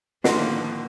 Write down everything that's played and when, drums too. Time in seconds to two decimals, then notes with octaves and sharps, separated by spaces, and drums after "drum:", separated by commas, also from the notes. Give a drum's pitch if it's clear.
0.24 A2 D3 D#3 F3 A#3 F#5 C6, drum: snare